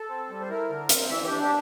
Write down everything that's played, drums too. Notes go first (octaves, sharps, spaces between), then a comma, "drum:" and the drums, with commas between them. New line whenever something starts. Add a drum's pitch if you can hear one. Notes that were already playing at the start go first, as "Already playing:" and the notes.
Already playing: A4
C4
G3
C5
E4 A#4
D3
C4, drum: hi-hat
E3 E5
D4 G4
G4